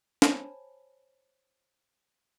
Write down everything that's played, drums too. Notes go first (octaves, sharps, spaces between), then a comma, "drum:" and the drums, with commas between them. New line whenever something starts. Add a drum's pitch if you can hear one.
C5 C#5 G#5 A5 B5, drum: snare